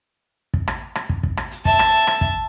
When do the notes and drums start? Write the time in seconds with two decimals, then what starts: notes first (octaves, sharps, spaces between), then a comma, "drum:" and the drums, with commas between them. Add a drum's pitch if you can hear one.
0.54 drum: kick
0.68 drum: rim click
0.95 drum: rim click
1.09 drum: kick
1.23 drum: kick
1.37 drum: rim click
1.51 drum: hi-hat
1.65 E5 A5, drum: kick
1.79 drum: rim click
2.07 drum: rim click
2.21 drum: kick